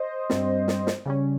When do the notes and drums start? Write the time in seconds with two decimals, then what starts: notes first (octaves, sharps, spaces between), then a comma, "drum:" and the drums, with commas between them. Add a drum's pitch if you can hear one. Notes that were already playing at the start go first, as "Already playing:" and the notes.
Already playing: C5 D#5
0.30 G2 G3 C4, drum: snare
0.68 drum: snare
0.87 drum: snare
1.06 C#3 G3 C#4